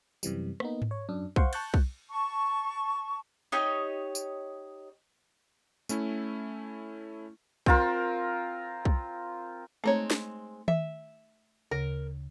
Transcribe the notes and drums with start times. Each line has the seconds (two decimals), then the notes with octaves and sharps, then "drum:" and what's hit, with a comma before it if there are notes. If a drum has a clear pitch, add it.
0.23 F#2 C3 E3 G3, drum: tambourine
0.60 A#3 B3 D#4, drum: rim click
0.82 drum: tom G#2
0.91 C#5
1.09 F#2 D4
1.36 C5 F5 F#5 C6 C#6, drum: kick B1
1.53 A5 C#6 F#6 G6 A6, drum: cymbal
1.74 drum: kick B1
2.11 A5 C#6
3.52 D#4 G4 C#5 D#5
4.15 drum: tambourine
5.89 A3 C#4 E4, drum: tambourine
7.66 C4 F4 A#4, drum: kick B1
8.85 drum: kick B1
9.84 G#3 A3 C4 D#4 C#5 A#5
10.10 drum: snare
10.68 E5, drum: tom D#3
11.71 D2 C#3 A#4 A#6